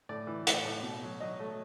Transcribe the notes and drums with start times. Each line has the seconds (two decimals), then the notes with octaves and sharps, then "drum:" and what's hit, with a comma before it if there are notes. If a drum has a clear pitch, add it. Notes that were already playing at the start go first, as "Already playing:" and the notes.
0.09 A2 D5
0.27 E3
0.47 A2, drum: hi-hat
0.65 A2
0.83 B2
1.03 F#3
1.20 F#3 D#5
1.40 A3